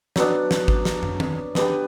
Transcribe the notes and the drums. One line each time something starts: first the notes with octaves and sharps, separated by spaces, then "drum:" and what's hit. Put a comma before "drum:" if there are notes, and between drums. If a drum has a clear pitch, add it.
F#3 B3 D4, drum: snare
drum: snare
drum: kick G#1
drum: snare
drum: tom
drum: tom D#3
B3 D4 G4 B4, drum: snare